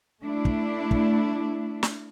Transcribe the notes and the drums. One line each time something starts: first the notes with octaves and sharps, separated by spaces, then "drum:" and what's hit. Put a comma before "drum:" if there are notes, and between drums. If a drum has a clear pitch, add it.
A3 D4 E4
drum: kick
drum: kick
drum: snare